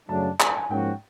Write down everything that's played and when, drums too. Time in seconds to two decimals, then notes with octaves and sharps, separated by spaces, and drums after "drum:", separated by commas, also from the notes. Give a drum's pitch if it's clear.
0.09 F#2 C#3 F#3 A3 D4 A5
0.40 G#5, drum: clap
0.49 A5
0.57 G#5
0.70 G#2 F3 A#3 C#4 F#4 G5